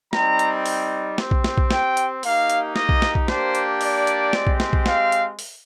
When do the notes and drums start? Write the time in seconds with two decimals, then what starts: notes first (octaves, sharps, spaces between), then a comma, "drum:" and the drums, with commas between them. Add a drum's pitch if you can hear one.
0.13 G3 C4 D#4 A#5, drum: snare
0.39 drum: hi-hat
0.66 drum: open hi-hat
1.18 C4 G4, drum: snare
1.31 drum: kick B1
1.44 drum: snare
1.58 drum: kick B1
1.71 G5, drum: snare
1.97 drum: hi-hat
2.23 A#3 D#4 G4 F5, drum: open hi-hat
2.50 drum: hi-hat
2.76 D#5, drum: snare
2.89 drum: kick B1
3.02 drum: snare
3.15 drum: kick B1
3.28 A#3 D4 G4 C5, drum: snare
3.55 drum: hi-hat
3.81 D5, drum: open hi-hat
4.07 drum: hi-hat
4.33 G#3 C4 G4, drum: snare
4.47 drum: kick B1
4.60 drum: snare
4.73 drum: kick B1
4.86 F5, drum: snare
5.12 drum: hi-hat
5.39 drum: open hi-hat